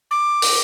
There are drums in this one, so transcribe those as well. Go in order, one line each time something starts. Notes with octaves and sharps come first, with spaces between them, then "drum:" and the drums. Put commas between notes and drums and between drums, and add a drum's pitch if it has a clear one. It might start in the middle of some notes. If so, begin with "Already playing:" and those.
D6
drum: open hi-hat